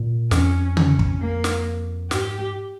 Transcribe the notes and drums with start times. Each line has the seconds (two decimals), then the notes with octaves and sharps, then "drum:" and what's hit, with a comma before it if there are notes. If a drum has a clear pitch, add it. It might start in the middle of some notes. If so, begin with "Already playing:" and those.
Already playing: A#2
0.31 F2 C#4, drum: snare
0.77 C#4, drum: tom C#3
0.99 drum: kick
1.21 A#3
1.44 drum: snare
2.11 G#2 G4, drum: snare